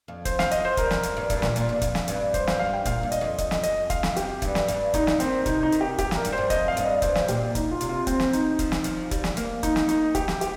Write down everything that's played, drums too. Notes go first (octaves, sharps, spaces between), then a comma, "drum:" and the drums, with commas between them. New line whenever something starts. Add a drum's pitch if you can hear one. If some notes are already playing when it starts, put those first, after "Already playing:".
F2
C5, drum: kick, hi-hat
F5, drum: snare
D#5, drum: hi-hat
C5
G2 A#4, drum: kick, hi-hat
F2, drum: snare
F2, drum: hi-hat
G2
G2, drum: kick, hi-hat
A#2, drum: snare
A#2, drum: hi-hat
G2
F2, drum: kick, hi-hat
drum: snare
G2, drum: hi-hat
C5, drum: kick, hi-hat
F5, drum: snare
F5
G5
A#2 F5, drum: kick, hi-hat
G2
D#5, drum: hi-hat
F2
F2 D#5, drum: kick, hi-hat
drum: snare
D#5, drum: hi-hat
F5, drum: kick, hi-hat
drum: snare
G4, drum: hi-hat
G2, drum: kick, hi-hat
drum: snare
G2, drum: hi-hat
G2 D#4, drum: kick, hi-hat
drum: snare
D#3 C4, drum: hi-hat
C3 D#4, drum: kick, hi-hat
D#4
D#3, drum: hi-hat
G4
F2 G4, drum: kick, hi-hat
G2 A#4, drum: snare
G2, drum: hi-hat
C5
G2
F2 D#5, drum: kick, hi-hat
F5
G2, drum: hi-hat
D#5
G2 C5, drum: kick, hi-hat
drum: snare
A#2 G4, drum: hi-hat
D#4, drum: kick, hi-hat
F4
C3, drum: hi-hat
F4
C4, drum: kick, hi-hat
drum: snare
D#4, drum: hi-hat
F3, drum: kick, hi-hat
drum: snare
F3, drum: hi-hat
G3, drum: kick, hi-hat
drum: snare
A#3, drum: hi-hat
D#4, drum: kick, hi-hat
drum: snare
D#4, drum: hi-hat
G4, drum: kick, hi-hat
drum: snare
G4, drum: hi-hat